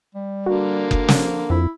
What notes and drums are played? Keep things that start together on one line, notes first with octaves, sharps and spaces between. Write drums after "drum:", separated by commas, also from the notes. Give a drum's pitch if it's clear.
G3
D3 A#3 F#4
drum: kick F#1
F3, drum: snare
F2 E4